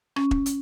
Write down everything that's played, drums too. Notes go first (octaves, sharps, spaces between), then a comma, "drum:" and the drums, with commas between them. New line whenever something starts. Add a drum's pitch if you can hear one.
C#4, drum: rim click
drum: kick E1
drum: hi-hat